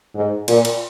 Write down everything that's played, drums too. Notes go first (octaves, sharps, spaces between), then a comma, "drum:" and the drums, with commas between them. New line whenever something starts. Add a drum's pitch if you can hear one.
G#2
A#2, drum: cymbal
drum: cymbal